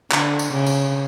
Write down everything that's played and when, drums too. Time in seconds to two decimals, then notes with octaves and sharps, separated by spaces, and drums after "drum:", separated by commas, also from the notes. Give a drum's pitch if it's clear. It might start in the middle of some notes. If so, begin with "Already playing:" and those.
0.12 D3, drum: clap
0.39 drum: tambourine
0.53 C#3
0.66 drum: tambourine